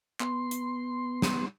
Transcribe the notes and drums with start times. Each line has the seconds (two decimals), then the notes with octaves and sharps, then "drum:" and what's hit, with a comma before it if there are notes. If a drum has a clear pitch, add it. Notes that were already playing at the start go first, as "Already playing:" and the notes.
0.20 B3 C6, drum: clap
0.51 drum: hi-hat
1.22 drum: snare